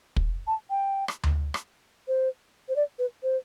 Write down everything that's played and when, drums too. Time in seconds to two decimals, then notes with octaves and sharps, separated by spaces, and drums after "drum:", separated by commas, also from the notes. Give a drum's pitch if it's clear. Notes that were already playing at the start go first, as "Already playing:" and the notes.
0.16 drum: kick
0.47 A5
0.70 G5
1.08 drum: rim click
1.24 drum: tom D2
1.54 drum: rim click
2.08 C5
2.69 C5
2.76 D5
2.99 B4
3.23 C5